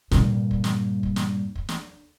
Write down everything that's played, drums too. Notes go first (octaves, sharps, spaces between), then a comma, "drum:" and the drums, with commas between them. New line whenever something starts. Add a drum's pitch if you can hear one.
G2 A#2, drum: snare
drum: kick
drum: snare
drum: kick
drum: snare
drum: kick
drum: snare